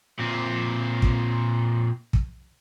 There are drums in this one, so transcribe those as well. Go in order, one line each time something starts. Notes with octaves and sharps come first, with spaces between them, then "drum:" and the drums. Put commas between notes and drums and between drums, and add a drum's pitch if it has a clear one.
A#2 C4
drum: kick
drum: kick